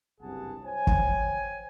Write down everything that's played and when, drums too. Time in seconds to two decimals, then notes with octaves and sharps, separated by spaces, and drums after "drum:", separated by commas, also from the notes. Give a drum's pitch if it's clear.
0.21 F#1 C2 G2 G#4 F#5 A5
0.63 C5 C#5 G5 G#5
0.87 drum: kick